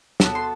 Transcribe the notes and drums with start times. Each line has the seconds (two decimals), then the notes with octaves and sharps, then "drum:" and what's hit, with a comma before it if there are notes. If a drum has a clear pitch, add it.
0.20 B3 F#4 A4 E6, drum: snare
0.35 C6